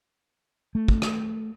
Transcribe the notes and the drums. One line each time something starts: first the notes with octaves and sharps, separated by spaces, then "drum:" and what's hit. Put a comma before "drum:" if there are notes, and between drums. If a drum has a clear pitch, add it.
A3
drum: kick
drum: rim click